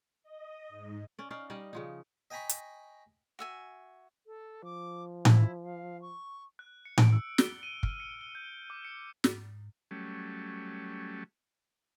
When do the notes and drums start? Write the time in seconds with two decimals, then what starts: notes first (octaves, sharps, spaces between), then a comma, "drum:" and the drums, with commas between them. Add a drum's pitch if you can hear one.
0.23 D#5
0.69 G#2
1.19 C#4 D5
1.31 C#4 D#4 D5 F5
1.50 G3 D#4 D5 D#5
1.73 C#3 F3 D#4
2.31 D#5 G5 G#5 A#5 B5 C#6
2.49 drum: hi-hat
3.39 F#4 E5 G#5
4.26 A4
4.64 F3 D6
5.25 E4, drum: tom A2
5.63 F5
6.01 C#6
6.59 F#6
6.85 C#7
6.98 D7, drum: tom A2
7.12 E6
7.38 G7, drum: snare
7.63 D#7
7.83 F6, drum: kick
8.00 C#7
8.21 G7
8.35 G6
8.70 D6
8.85 C#7
9.24 G#2, drum: snare
9.91 F#3 G3 A3 C#4